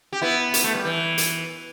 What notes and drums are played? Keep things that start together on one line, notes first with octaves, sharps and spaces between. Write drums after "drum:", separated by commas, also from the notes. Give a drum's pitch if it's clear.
G4
B3 E4
drum: hi-hat
A3
G3
E3
drum: hi-hat